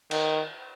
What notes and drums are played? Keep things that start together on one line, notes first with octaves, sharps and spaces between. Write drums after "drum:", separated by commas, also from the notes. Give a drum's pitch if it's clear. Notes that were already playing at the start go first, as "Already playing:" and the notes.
D#3, drum: cymbal